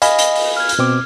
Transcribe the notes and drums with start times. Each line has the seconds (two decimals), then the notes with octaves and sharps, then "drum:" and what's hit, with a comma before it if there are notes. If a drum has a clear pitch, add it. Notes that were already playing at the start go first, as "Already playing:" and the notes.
0.02 D#5 F5 G#5 B5, drum: hi-hat
0.19 drum: hi-hat
0.35 drum: open hi-hat
0.57 F6 G#6
0.69 drum: hi-hat
0.79 B2 C4 D6